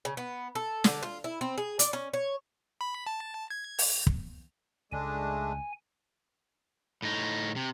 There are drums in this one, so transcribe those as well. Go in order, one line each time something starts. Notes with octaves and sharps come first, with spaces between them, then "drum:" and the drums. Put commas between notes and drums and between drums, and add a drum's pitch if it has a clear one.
C#3
B3
A4
D3, drum: snare
F4
E4
C4
G#4
D5, drum: hi-hat
C#4
C#5
B5
A5
G#6
drum: open hi-hat
drum: kick
C#2 G#3 A3 D4 G#5
A2 D#4
C3